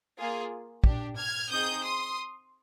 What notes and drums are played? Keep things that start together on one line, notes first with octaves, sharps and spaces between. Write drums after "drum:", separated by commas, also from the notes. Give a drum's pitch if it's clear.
A#3 F4 G#4
D4 G4, drum: kick
F6 G#6
C4 D#4 G#4 D#6 G6
C6 D#6